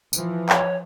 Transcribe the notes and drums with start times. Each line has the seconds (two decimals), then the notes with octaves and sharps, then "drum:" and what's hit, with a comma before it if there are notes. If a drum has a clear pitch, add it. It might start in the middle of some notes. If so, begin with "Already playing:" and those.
0.13 E3 F3, drum: tambourine
0.49 C#5, drum: clap